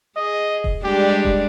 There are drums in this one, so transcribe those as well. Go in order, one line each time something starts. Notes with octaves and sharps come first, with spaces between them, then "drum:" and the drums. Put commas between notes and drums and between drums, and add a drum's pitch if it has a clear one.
G#4 D#5
drum: kick E1
G3 G#3 D4 G4
drum: kick E1